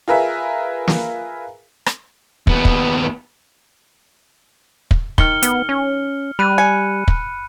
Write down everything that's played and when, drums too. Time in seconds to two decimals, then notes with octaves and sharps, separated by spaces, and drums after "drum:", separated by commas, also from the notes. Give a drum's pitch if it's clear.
0.08 F4 G#4 A#4 B4 E5
0.88 drum: snare
1.86 drum: rim click
2.47 D#2 B3, drum: kick
2.65 drum: kick
4.91 drum: kick
5.18 D#3 F6 C#7 G7, drum: kick
5.43 B3, drum: hi-hat
5.69 C#4
6.39 G3 B5 F#6 D#7
6.58 G#5 C#7
7.08 drum: kick